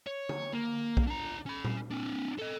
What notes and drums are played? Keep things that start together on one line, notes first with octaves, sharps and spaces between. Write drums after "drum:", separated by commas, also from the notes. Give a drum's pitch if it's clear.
C#5
drum: tom D3
A#3
drum: kick B1
D4 A#5
C#4 B5
drum: tom A#2
C4 D4
A4 D#5